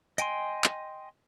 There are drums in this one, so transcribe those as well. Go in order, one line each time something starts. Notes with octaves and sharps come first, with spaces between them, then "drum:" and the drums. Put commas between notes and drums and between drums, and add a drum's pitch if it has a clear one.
D#5 G5 G#5 C6, drum: hi-hat
drum: clap